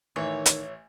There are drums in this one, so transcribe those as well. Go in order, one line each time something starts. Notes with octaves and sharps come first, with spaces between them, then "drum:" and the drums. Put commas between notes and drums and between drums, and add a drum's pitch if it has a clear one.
A1 D#3 E3 C#5
drum: hi-hat